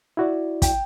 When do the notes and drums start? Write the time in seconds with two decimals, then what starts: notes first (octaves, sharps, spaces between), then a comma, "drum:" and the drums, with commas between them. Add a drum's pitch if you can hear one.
0.17 E4 F#4 D5
0.62 G5, drum: kick, hi-hat